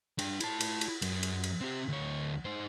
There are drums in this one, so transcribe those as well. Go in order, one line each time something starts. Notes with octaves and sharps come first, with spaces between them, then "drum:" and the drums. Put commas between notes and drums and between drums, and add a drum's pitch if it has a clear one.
D4 G5, drum: cymbal
E4 A5, drum: cymbal
drum: cymbal
drum: cymbal
F#2, drum: cymbal
drum: cymbal
drum: cymbal
C4 G4
D2 C#5
D#4 C5